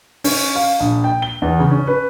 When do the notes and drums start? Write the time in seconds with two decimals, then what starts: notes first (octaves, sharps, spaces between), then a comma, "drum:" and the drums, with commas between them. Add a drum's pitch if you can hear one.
0.24 C#4, drum: open hi-hat
0.56 F5
0.80 A#1
1.04 G5
1.22 G7
1.42 E2
1.60 C#3
1.71 C#4
1.87 B4